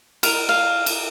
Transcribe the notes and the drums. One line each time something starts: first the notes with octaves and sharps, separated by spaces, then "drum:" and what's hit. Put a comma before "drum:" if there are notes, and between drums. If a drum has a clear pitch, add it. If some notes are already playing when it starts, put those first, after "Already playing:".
A#4, drum: cymbal
F5
drum: cymbal